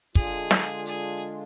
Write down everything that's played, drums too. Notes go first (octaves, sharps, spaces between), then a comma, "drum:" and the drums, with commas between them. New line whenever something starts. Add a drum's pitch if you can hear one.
D3 G#3 D4 F4 G#4, drum: kick
drum: snare
G#4